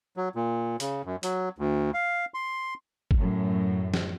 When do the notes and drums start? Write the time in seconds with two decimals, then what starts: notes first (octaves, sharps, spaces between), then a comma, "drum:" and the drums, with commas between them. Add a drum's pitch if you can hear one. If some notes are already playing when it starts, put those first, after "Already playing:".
0.17 F#3
0.36 A#2
0.80 C#3, drum: hi-hat
1.05 F#2
1.23 F#3, drum: hi-hat
1.58 D2
1.94 F5
2.34 C6
3.11 drum: kick G1
3.20 F#2 A2
3.94 drum: snare